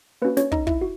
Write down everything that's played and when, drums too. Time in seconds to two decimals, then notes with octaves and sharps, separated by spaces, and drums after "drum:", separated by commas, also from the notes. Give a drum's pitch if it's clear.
0.22 A#3 C#4 F#4 B4
0.37 C#4 C#5, drum: snare
0.52 D#4 D#5, drum: kick
0.67 E4 E5, drum: kick
0.81 F#4